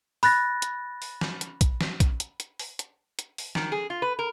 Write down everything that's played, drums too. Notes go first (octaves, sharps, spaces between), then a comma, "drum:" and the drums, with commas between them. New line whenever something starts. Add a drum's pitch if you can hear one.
B5 F#6 A6 A#6, drum: open hi-hat
drum: hi-hat
drum: open hi-hat
drum: snare
drum: hi-hat
drum: kick, hi-hat
drum: snare
drum: kick, hi-hat
drum: hi-hat
drum: hi-hat
drum: open hi-hat
drum: hi-hat
drum: hi-hat
drum: open hi-hat
D#3, drum: snare
G#4
F4
B4
A#4